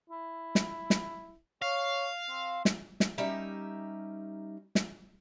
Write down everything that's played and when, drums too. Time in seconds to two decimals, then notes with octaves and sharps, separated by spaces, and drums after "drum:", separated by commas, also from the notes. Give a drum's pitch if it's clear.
0.09 E4
0.55 drum: snare
0.90 drum: snare
1.62 C#5 F5
2.30 C4
2.65 drum: snare
3.00 drum: snare
3.18 G3 C#4 D#4 G4 A#4 E5
4.75 drum: snare